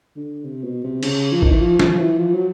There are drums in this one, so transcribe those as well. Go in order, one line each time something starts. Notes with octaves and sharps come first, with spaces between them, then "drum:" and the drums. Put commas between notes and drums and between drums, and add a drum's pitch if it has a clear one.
D3
C3
B2
C3
C#3, drum: cymbal
F3
D#3, drum: kick G#1
E3
F3
F3, drum: snare
F3
E3
F3
F#3